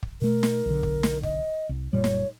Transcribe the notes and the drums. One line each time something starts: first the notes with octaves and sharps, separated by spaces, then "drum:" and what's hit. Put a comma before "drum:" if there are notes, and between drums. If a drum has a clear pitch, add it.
drum: kick
B2 A3 A#4
drum: snare
B1 D3
drum: kick
drum: snare
D#5, drum: kick
C2
F#1 A#2 G3 C#5
drum: snare